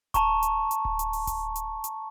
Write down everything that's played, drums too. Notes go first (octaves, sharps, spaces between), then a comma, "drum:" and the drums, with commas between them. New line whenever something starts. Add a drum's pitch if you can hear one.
A5 A#5 C#6, drum: kick D1, hi-hat
drum: hi-hat
drum: hi-hat
drum: kick D1
drum: hi-hat
drum: open hi-hat
drum: kick D1, hi-hat
drum: hi-hat
drum: hi-hat